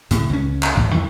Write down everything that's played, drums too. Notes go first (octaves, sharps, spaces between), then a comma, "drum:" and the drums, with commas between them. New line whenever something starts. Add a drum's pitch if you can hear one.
A2 C#3, drum: hi-hat
C#2 C#4
drum: clap
A1 G#2
F2 D#3 E3